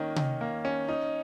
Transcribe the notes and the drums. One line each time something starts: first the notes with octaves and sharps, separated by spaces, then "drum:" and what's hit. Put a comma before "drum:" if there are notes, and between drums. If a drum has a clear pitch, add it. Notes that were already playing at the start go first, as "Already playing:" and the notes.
Already playing: D#3 A#3 C#4
D#3, drum: tom C3
A#3
C#4
D#4